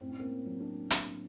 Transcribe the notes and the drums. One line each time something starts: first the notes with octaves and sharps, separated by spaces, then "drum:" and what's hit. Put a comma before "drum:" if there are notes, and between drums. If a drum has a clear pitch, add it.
A2 C4
C#4
A#3 C4
F#3
C4 D4
drum: hi-hat